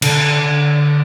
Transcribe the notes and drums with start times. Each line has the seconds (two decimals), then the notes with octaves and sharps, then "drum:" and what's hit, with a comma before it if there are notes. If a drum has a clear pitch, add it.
0.02 D3 A4, drum: cymbal